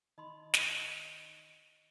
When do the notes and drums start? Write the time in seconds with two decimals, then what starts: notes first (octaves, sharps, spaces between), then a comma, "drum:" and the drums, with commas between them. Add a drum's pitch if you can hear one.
0.18 D#3 D#4 D#5 B5 C6
0.54 drum: snare